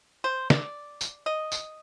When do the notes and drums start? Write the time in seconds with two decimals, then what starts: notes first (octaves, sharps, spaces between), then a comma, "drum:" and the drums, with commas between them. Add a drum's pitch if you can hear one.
0.24 C5
0.50 D5, drum: snare
1.01 drum: tambourine
1.26 D#5
1.52 drum: tambourine